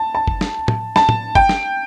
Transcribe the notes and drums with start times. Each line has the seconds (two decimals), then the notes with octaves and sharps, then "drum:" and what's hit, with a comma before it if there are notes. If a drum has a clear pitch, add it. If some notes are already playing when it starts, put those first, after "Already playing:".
Already playing: A5
0.15 A5
0.28 drum: kick G1
0.41 drum: snare
0.68 drum: tom
0.96 A5, drum: snare
1.09 drum: tom
1.35 G5, drum: kick G1
1.49 drum: snare